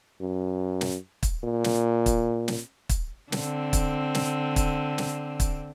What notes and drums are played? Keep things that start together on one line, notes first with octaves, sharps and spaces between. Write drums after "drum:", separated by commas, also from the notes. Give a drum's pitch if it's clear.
F#2
drum: snare
drum: kick, hi-hat
A#2
drum: snare
drum: kick, hi-hat
drum: snare
drum: kick, hi-hat
D3 C4, drum: snare
drum: kick, hi-hat
drum: snare
drum: kick, hi-hat
drum: snare
drum: kick, hi-hat